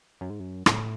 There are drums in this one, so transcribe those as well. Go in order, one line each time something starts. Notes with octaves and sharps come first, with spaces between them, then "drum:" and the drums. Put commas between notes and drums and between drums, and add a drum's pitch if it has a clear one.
F#2
G#2
F#2
A2, drum: rim click